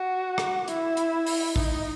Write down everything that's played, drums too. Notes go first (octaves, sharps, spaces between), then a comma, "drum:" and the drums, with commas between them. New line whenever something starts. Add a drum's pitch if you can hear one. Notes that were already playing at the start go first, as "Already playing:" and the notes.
Already playing: F#4
drum: rim click
E4, drum: hi-hat
drum: hi-hat
drum: open hi-hat
D#4, drum: kick